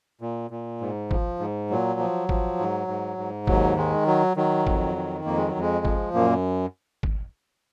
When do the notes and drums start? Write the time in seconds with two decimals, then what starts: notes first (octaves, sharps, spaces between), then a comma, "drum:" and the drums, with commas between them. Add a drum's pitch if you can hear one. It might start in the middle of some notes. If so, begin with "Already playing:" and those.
0.21 A#2
0.51 A#2
0.81 G#2
1.11 F3, drum: kick G#1
1.39 G#2
1.70 A#2 F#3
1.99 F3
2.29 F3, drum: kick G#1
2.59 G#2
2.88 G#2
3.17 G#2
3.47 D#2 F#3, drum: kick G#1
3.77 D#3 G#3
4.07 F#3
4.36 D#3 F#3
4.67 F2, drum: kick G#1
4.96 D#3
5.25 F2 A#3
5.37 G#3
5.48 F#3
5.55 F2
5.60 G#3
5.85 F3, drum: kick G#1
6.14 F#2 A#2 A#3
7.03 drum: kick G#1